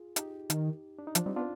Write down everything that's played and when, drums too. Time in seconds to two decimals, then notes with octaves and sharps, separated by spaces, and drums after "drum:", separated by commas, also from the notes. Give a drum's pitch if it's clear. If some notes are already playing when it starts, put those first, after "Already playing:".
Already playing: F4 G#4
0.16 D#4 G4, drum: hi-hat
0.50 D#3, drum: hi-hat
0.99 D4
1.07 D#4
1.15 F3 D4 F4, drum: hi-hat
1.26 G3 C4 D#4
1.36 B3 D4 F4